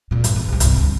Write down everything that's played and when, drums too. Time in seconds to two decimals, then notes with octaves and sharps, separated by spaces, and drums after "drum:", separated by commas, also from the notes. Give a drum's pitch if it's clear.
0.11 C#2 A#2
0.24 G1, drum: hi-hat
0.36 E2
0.49 B1 C3
0.60 C2 G#2, drum: hi-hat
0.73 D2 G2